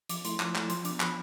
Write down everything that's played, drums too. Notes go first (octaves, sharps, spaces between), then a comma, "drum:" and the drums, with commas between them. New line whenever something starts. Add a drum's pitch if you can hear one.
F3 D6, drum: hi-hat
A3 E4 C6, drum: hi-hat
F3 D6, drum: clap
A3 E4, drum: clap
F3 C6, drum: hi-hat
D4 D6, drum: hi-hat
B3
F3 B5, drum: clap